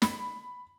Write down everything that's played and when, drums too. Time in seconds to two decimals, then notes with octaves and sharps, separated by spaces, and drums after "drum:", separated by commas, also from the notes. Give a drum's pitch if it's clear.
0.02 B5, drum: snare